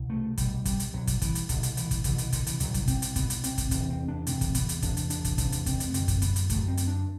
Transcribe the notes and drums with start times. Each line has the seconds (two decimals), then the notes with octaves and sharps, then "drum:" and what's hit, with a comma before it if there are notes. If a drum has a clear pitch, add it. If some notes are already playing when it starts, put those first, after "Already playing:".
Already playing: C2 B2
0.10 A3
0.38 C2 B2 G3, drum: kick, hi-hat
0.65 G3, drum: kick, hi-hat
0.80 drum: hi-hat
0.93 C2 B2 F#3
1.07 drum: kick, hi-hat
1.22 E3, drum: kick, hi-hat
1.35 drum: hi-hat
1.49 C2 B2 D3, drum: kick, hi-hat
1.63 drum: hi-hat
1.77 E3, drum: hi-hat
1.91 drum: kick, hi-hat
2.04 C2 B2 E3, drum: kick, hi-hat
2.18 E3, drum: hi-hat
2.32 D3, drum: kick, hi-hat
2.47 E3, drum: hi-hat
2.60 C2 B2 F#3, drum: hi-hat
2.74 drum: kick, hi-hat
2.88 C4, drum: kick, hi-hat
3.02 drum: hi-hat
3.16 C2 B2 B3, drum: kick, hi-hat
3.30 drum: hi-hat
3.44 C4, drum: hi-hat
3.58 drum: kick, hi-hat
3.71 E2 C3 C4, drum: kick, hi-hat
3.90 C4
4.08 D4
4.27 E2 C3 C4, drum: hi-hat
4.41 drum: kick, hi-hat
4.55 B3, drum: kick, hi-hat
4.69 drum: hi-hat
4.82 E2 C3 D4, drum: kick, hi-hat
4.97 drum: hi-hat
5.10 D4, drum: hi-hat
5.25 drum: kick, hi-hat
5.38 E2 C3 D4, drum: kick, hi-hat
5.52 drum: hi-hat
5.66 C4, drum: kick, hi-hat
5.80 drum: hi-hat
5.90 B3
5.94 F#2 D3 C4, drum: hi-hat
6.08 drum: kick, hi-hat
6.22 B3, drum: kick, hi-hat
6.36 drum: hi-hat
6.50 F#2 D3 A3, drum: kick, hi-hat
6.68 C4
6.77 drum: hi-hat
6.87 D4